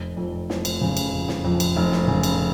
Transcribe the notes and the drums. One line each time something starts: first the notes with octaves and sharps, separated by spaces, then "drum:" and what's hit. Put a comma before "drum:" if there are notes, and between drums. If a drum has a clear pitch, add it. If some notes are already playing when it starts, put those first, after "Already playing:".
Already playing: F1
F2
F1, drum: snare
drum: cymbal
C#3
drum: cymbal
F1
drum: snare
F2
drum: cymbal
F1
drum: snare
C#3
drum: cymbal